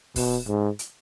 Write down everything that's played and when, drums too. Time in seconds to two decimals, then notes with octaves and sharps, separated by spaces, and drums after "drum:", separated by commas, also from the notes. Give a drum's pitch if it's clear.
0.16 B2, drum: kick, open hi-hat
0.48 G#2
0.79 drum: hi-hat